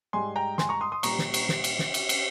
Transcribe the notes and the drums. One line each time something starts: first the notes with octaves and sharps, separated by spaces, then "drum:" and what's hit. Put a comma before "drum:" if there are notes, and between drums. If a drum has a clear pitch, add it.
G#2 G3 G#5 C6
G5 A#5
G#5 C6, drum: snare
A#5 C#6
C6 D#6
C6 D#6
A#2 G3 A#5 C#6, drum: cymbal
drum: snare
drum: cymbal
drum: snare
drum: cymbal
drum: snare
drum: cymbal
drum: cymbal